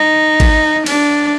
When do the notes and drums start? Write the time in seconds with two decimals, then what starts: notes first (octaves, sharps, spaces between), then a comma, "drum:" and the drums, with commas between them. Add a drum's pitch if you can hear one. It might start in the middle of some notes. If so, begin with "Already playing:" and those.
Already playing: D#4
0.40 drum: kick, cymbal
0.86 D4, drum: cymbal